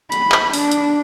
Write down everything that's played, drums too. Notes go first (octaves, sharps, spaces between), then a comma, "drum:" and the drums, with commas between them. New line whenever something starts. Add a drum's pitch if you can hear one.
B5, drum: hi-hat
drum: clap
D4, drum: open hi-hat
drum: hi-hat